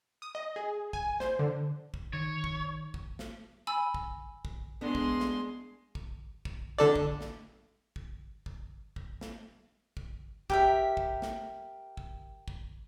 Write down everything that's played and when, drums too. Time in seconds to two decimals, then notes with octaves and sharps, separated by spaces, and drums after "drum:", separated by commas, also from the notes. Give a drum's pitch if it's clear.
0.22 D#6
0.35 D#5
0.56 G#4
0.93 G#5, drum: kick
1.20 C5, drum: snare
1.39 D3
1.94 drum: kick
2.13 D#3 C#5
2.44 drum: kick
2.94 drum: kick
3.19 drum: snare
3.67 G#5 B5 E6
3.94 drum: kick
4.45 drum: kick
4.81 G#3 B3 D4 C6
4.95 drum: kick
5.20 drum: snare
5.95 drum: kick
6.45 drum: kick
6.78 D3 A4 D5
6.96 drum: kick
7.21 drum: snare
7.96 drum: kick
8.46 drum: kick
8.96 drum: kick
9.21 drum: snare
9.97 drum: kick
10.50 G4 A#4 E5, drum: kick
10.97 drum: kick
11.22 drum: snare
11.97 drum: kick
12.48 drum: kick